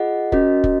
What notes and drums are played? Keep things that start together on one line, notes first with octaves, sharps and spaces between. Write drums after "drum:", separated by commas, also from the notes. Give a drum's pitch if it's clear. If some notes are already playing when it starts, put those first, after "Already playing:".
Already playing: F4 G#4 D#5 F#5
C#4 F#4 A#4 D#5, drum: kick
drum: kick